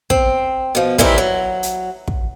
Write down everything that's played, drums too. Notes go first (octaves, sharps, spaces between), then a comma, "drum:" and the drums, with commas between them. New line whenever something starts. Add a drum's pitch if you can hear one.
C4, drum: kick
B2 F3
D#3 E3 G3 C4 D#4 E4, drum: kick
F#3
drum: hi-hat
drum: kick